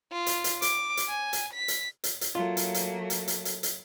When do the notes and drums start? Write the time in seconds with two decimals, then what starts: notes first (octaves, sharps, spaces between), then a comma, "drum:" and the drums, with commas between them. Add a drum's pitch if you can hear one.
0.12 F4
0.26 drum: hi-hat
0.44 drum: hi-hat
0.62 D6, drum: hi-hat
0.97 drum: hi-hat
1.08 G#5
1.33 drum: hi-hat
1.54 B6
1.68 drum: hi-hat
2.04 drum: hi-hat
2.21 drum: hi-hat
2.35 F#3 A3 A#3 F4
2.57 drum: hi-hat
2.74 drum: hi-hat
3.10 drum: hi-hat
3.28 drum: hi-hat
3.45 drum: hi-hat
3.63 drum: hi-hat